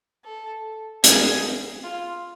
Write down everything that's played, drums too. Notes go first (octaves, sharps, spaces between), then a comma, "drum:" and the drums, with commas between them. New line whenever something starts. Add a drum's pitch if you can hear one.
A4
G#4, drum: hi-hat
F4